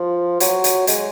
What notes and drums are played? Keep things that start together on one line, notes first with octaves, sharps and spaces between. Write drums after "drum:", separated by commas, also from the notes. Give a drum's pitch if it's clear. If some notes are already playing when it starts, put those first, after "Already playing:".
Already playing: F3
F#3, drum: hi-hat
drum: hi-hat
G#3, drum: hi-hat